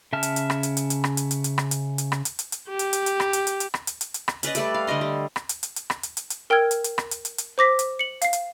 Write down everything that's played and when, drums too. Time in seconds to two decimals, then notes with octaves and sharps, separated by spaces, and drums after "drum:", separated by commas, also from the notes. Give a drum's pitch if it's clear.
0.13 C#3 E5 A5 F6
0.23 drum: hi-hat
0.36 drum: hi-hat
0.50 drum: rim click
0.63 drum: hi-hat
0.77 drum: hi-hat
0.90 drum: hi-hat
1.04 drum: rim click
1.17 drum: hi-hat
1.31 drum: hi-hat
1.44 drum: hi-hat
1.58 drum: rim click
1.71 drum: hi-hat
1.98 drum: hi-hat
2.12 drum: rim click
2.25 drum: hi-hat
2.39 drum: hi-hat
2.52 drum: hi-hat
2.69 G4
2.79 drum: hi-hat
2.93 drum: hi-hat
3.06 drum: hi-hat
3.20 drum: rim click
3.33 drum: hi-hat
3.47 drum: hi-hat
3.60 drum: hi-hat
3.74 drum: rim click
3.87 drum: hi-hat
4.01 drum: hi-hat
4.14 drum: hi-hat
4.28 drum: rim click
4.43 C#4 B4 D5 D#5, drum: hi-hat
4.55 G3 A3 B4 D5, drum: hi-hat
4.74 F5
4.87 D3 G3 D#5 C6
5.01 G3
5.36 drum: rim click
5.49 drum: hi-hat
5.63 drum: hi-hat
5.76 drum: hi-hat
5.90 drum: rim click
6.03 drum: hi-hat
6.17 drum: hi-hat
6.30 drum: hi-hat
6.50 A#4 G5 E6 F6 G#6
6.71 drum: hi-hat
6.84 drum: hi-hat
6.98 drum: rim click
7.11 drum: hi-hat
7.25 drum: hi-hat
7.38 drum: hi-hat
7.58 C5 D6 A#6 B6
7.79 drum: hi-hat
7.99 C#7 F#7
8.22 F5 C7, drum: hi-hat
8.33 drum: hi-hat